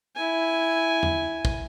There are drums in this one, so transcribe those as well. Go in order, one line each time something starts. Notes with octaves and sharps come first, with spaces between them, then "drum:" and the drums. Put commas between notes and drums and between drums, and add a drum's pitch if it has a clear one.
E4 G#5
drum: tom E2
drum: kick